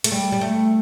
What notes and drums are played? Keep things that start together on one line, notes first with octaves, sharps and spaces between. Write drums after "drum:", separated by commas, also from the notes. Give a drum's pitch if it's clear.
A3, drum: hi-hat
G3
G3
A3